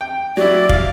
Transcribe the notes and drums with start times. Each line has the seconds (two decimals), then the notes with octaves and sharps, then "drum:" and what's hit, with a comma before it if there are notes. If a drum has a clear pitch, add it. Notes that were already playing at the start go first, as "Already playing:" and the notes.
0.01 G5
0.37 F#3 E4 D5
0.69 F5, drum: kick